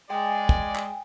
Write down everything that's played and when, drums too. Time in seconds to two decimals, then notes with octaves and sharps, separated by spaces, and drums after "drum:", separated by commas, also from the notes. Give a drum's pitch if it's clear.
0.10 G#3 D5 G5 G#5
0.49 drum: kick
0.75 drum: clap